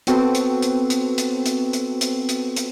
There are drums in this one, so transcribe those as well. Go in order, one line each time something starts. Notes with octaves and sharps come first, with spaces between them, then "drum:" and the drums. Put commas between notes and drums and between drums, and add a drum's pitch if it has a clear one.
B3 C4 F#4 A4 B4, drum: hi-hat
drum: hi-hat
drum: hi-hat
drum: hi-hat
drum: hi-hat
drum: hi-hat
drum: hi-hat
drum: hi-hat
drum: hi-hat
drum: hi-hat